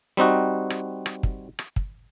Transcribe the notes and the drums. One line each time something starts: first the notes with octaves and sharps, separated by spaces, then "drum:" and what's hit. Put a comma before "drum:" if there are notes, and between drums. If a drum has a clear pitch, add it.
G3 C4 D#4 F#4
drum: rim click
drum: rim click
drum: kick
drum: rim click
drum: kick